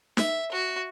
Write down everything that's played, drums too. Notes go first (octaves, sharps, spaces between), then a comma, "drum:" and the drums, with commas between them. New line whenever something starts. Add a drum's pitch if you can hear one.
E5, drum: snare
F#4